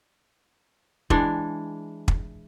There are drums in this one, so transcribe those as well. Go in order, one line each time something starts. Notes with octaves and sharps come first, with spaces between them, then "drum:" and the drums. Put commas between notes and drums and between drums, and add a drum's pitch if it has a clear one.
E3 G#3 D4, drum: kick
drum: kick